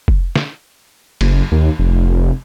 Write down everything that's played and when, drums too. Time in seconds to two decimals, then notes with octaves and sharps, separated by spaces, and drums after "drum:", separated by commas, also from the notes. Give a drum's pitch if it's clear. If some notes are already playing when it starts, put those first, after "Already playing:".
0.08 drum: kick F1
0.36 drum: snare
1.21 F#1, drum: cymbal
1.52 D#2
1.79 F1